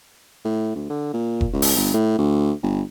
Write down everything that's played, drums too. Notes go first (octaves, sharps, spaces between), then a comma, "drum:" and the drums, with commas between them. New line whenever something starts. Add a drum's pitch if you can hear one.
A2
D2
D3
A#2
drum: kick F1
C#2
drum: open hi-hat
G1
A2
D2
G1